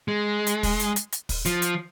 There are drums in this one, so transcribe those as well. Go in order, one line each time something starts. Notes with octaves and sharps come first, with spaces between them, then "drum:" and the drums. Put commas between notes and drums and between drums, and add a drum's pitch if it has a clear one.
G#3
drum: hi-hat
drum: kick, open hi-hat
drum: hi-hat
drum: hi-hat
drum: hi-hat
drum: kick, open hi-hat
F3, drum: hi-hat
drum: hi-hat